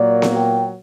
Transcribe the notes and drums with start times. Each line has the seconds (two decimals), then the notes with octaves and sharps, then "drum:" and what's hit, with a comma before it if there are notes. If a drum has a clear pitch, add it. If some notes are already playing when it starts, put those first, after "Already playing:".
Already playing: A#2 F#3 A#3 D5
0.22 drum: snare B3
0.36 G5